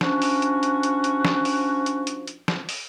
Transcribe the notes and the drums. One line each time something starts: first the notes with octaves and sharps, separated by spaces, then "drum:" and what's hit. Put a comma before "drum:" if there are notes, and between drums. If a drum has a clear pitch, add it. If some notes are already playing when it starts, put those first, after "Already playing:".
F3 C#4 D4 F#4, drum: snare
drum: open hi-hat
drum: hi-hat
drum: hi-hat
drum: hi-hat
drum: hi-hat
drum: snare
drum: open hi-hat
drum: hi-hat
drum: hi-hat
drum: hi-hat
drum: snare
drum: open hi-hat